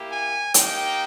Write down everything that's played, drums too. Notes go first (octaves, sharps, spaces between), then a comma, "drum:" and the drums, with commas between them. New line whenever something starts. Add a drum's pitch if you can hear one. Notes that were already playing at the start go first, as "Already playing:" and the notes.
Already playing: A#3 E4 G4
G#5
A#3 D#4 G4 G5, drum: hi-hat